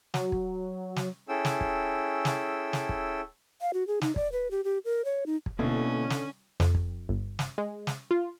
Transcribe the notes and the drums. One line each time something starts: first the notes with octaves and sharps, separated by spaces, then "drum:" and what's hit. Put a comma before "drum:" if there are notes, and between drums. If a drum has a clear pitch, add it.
F#3, drum: snare
drum: kick
drum: snare
C#4 E4 G#4 A4 G5 E6
drum: snare
drum: kick
drum: snare
drum: snare
drum: kick
F5
F#4
G#4
D#4, drum: snare
D5, drum: kick
B4
G4
G4
A#4
C#5
D#4
drum: kick
B2 D3 A#3 C#4 E4
drum: snare
F2, drum: snare
drum: kick
G1
drum: snare
G#3
drum: snare
F4